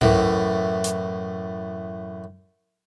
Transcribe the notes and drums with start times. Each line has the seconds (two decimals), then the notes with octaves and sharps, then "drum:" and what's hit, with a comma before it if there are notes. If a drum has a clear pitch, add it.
0.01 F#2 A2 E3, drum: tom G#2
0.84 drum: hi-hat